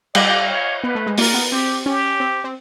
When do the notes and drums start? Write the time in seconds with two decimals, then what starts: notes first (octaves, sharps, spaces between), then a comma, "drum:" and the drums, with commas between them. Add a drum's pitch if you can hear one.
0.15 G3 D5, drum: cymbal
0.49 C#5
0.84 B3 B4
0.95 A3
1.07 G#3
1.18 A#3 A#4, drum: open hi-hat
1.34 B3
1.51 C4 G4
1.86 C#4 G4
2.20 C4
2.44 C4